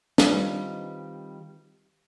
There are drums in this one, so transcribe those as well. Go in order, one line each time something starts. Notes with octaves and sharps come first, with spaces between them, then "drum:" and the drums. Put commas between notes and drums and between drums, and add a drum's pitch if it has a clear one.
D#3 G3 C4 D#4 F4 B4, drum: snare